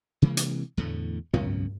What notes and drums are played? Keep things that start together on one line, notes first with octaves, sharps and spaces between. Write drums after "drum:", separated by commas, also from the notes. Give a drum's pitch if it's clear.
C3 E3 G#3 A#3
drum: hi-hat
E2 A2 D3 A3
C#2 F#2 B2 C#4, drum: tom